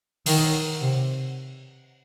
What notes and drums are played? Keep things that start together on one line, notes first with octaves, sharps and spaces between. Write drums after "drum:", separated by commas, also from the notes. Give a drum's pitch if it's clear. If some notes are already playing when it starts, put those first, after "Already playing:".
D#3, drum: open hi-hat
C3